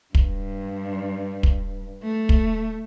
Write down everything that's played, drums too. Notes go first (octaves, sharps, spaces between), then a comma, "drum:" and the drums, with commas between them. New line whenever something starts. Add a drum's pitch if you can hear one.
G2, drum: kick
drum: kick
A3
drum: kick